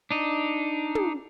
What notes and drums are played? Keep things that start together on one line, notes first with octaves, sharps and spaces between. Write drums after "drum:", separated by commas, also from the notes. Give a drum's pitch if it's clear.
D4 D#4
drum: tom